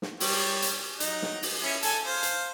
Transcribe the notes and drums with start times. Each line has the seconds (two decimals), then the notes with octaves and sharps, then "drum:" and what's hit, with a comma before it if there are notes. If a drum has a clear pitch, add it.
0.02 drum: snare
0.20 G3 C#5, drum: open hi-hat
0.62 drum: hi-hat
1.00 F#3 D#4, drum: hi-hat
1.22 drum: snare
1.42 drum: open hi-hat
1.63 C#4 E4
1.83 A4 G#5, drum: hi-hat
2.06 C5 F5
2.23 drum: hi-hat